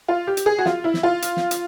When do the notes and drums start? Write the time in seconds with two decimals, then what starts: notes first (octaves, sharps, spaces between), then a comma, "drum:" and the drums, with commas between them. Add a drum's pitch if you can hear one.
0.08 F4
0.27 G4
0.37 drum: hi-hat
0.46 G#4
0.58 F#4
0.66 F4, drum: snare
0.84 E4
0.94 drum: snare
1.03 F4
1.22 drum: hi-hat
1.37 drum: snare
1.51 drum: hi-hat